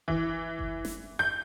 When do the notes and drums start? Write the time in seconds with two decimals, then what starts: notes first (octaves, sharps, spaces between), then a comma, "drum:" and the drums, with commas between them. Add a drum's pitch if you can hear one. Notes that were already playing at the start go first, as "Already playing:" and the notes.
0.08 E3, drum: kick F#1
0.59 drum: kick F#1
0.85 drum: snare
1.19 G6